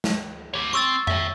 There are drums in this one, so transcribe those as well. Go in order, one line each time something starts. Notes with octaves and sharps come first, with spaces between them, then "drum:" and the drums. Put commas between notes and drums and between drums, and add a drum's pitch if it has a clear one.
drum: snare
G4 C#5
C4 C#6 E6 A6
C#5 E5, drum: tom F2